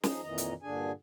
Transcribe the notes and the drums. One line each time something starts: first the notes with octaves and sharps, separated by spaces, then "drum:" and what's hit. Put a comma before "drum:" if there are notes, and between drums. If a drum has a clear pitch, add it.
F3 D#4 G#4 D#5, drum: snare
F2 A#2 D#3 E3 D#5 A#5
drum: hi-hat
G2 A#2 D3 D4 G#4 G#5